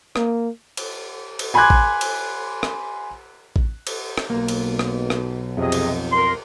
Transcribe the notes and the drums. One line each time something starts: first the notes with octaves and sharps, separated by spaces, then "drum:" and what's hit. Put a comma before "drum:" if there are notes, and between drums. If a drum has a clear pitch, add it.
A#3, drum: rim click
drum: cymbal
drum: cymbal
G#5 B5 C6 D6 F#6 G#6
drum: kick A1
drum: cymbal
drum: rim click
drum: kick A1
drum: cymbal
drum: rim click
B1 B2 A#3
drum: cymbal
drum: rim click
drum: rim click
F2 C3 G#4 D#5
drum: cymbal
A#4 C6